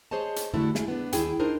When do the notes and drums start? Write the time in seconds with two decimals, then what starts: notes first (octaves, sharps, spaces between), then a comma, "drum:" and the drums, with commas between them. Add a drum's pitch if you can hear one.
0.11 G#4 C5 C#5 D#5 A5
0.36 drum: hi-hat
0.54 D3 G3 A3 E4 F#4 A4
0.75 G#4, drum: snare
0.88 B3 D4
1.12 D#2 E4 G#4 G5, drum: hi-hat
1.39 D4 D#4 A#4 C5